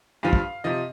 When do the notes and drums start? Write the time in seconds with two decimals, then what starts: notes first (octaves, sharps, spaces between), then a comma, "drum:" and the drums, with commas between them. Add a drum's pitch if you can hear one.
0.23 G2 F3 F5
0.33 drum: kick
0.64 C3 F3 D#5